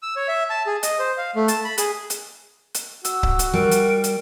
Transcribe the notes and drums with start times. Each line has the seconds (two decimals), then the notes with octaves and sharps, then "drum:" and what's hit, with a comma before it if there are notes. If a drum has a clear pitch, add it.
0.02 E6
0.16 C#5
0.28 E5
0.50 A5
0.66 G#4
0.83 D#5, drum: hi-hat
0.99 C5
1.18 F5
1.36 A3
1.48 A5, drum: hi-hat
1.65 B5
1.78 G#4, drum: hi-hat
2.10 drum: hi-hat
2.75 drum: hi-hat
3.05 F#4 E6, drum: hi-hat
3.23 drum: kick C#1
3.39 drum: hi-hat
3.54 G3 A#4 D7
3.72 drum: hi-hat
4.04 drum: hi-hat